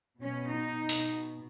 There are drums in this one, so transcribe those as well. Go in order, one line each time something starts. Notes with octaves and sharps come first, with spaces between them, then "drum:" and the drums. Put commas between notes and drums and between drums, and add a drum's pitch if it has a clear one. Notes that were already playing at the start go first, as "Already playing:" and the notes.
B2 C#4
D#4
B2, drum: open hi-hat